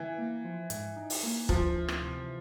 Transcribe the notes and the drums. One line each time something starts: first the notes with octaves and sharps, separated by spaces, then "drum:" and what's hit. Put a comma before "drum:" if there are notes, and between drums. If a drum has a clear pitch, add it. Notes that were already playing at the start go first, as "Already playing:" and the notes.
Already playing: E3
A#3
F3
G#2, drum: hi-hat
D#4
drum: open hi-hat
A#3
D2 F3, drum: kick
E3
drum: rim click
C3